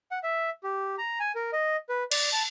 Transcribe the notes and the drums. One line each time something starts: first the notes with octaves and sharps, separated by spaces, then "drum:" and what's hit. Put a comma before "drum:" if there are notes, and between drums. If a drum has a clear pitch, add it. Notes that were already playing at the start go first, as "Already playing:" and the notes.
F#5
E5
G4
A#5
G#5
A#4
D#5
B4
D5, drum: cymbal
A5